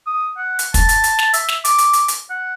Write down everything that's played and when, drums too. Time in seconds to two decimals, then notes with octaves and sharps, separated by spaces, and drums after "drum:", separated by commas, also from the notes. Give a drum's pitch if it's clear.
0.07 D#6
0.38 F#5
0.59 drum: hi-hat
0.74 A5, drum: kick, hi-hat
0.89 drum: hi-hat
1.04 drum: hi-hat
1.19 drum: snare
1.34 E5, drum: hi-hat
1.48 drum: snare
1.65 D6, drum: hi-hat
1.78 drum: hi-hat
1.93 drum: hi-hat
2.08 drum: hi-hat
2.30 F#5